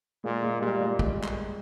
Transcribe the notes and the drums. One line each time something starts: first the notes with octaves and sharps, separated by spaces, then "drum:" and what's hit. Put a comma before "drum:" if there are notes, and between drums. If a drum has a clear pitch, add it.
A#2 G#3
G#3
A#2 G3
G#3
G#3, drum: kick
drum: clap